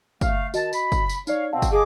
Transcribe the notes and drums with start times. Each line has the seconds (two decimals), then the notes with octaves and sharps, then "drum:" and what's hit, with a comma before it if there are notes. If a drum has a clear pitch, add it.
0.21 A3 F5, drum: kick, tambourine
0.54 D#3 F#4 D#5 A5, drum: tambourine
0.73 B5, drum: tambourine
0.92 drum: kick, tambourine
1.09 drum: tambourine
1.27 D#4 C#5 D5 F5, drum: tambourine
1.53 B2 C4 F5 F#5 A5
1.62 drum: kick, tambourine
1.72 G#4 D#5 D6